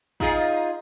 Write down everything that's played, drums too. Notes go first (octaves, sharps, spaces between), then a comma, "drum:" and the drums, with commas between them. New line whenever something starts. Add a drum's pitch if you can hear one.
D#4 F4 G#4, drum: kick